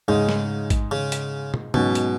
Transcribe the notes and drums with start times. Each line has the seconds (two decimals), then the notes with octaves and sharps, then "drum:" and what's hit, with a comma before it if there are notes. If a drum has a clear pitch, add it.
0.08 G#2 C#3 G#3 D#4
0.29 drum: snare
0.70 drum: kick A1, hi-hat
0.91 C#3
1.12 drum: hi-hat
1.54 drum: tom
1.74 G#2 B2 F#3 C#4 F#4, drum: tom
1.95 drum: hi-hat